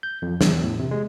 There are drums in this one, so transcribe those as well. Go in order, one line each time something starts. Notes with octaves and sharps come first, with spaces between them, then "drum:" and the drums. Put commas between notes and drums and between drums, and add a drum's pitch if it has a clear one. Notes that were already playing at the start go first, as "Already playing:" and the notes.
G6
F2
E2, drum: snare
A2
C3
G#3